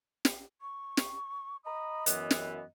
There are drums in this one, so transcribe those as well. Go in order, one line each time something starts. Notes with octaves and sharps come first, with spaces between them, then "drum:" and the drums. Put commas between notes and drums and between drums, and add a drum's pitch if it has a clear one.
drum: snare
C#6
drum: snare
D#5 A#5 B5 D#6
F#2 E3 B3, drum: hi-hat
drum: snare